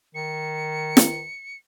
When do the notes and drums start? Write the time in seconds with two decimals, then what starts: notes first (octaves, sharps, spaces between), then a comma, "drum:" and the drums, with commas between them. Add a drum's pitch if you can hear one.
0.15 D#3 C#7
0.97 drum: snare